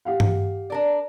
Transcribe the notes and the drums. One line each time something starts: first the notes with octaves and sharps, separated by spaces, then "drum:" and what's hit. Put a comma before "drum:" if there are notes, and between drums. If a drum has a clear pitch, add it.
G4 F5 F#5
drum: tom G2
D4 A#4 D5